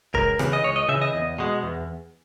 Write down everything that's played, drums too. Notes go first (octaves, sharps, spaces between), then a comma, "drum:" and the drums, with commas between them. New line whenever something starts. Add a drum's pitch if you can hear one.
C#2 A#4, drum: kick
C#3 E3, drum: rim click
D#5
C#2 C#5
D#5
C#3 E5
E3
D#5
E2
B2 G#3
E2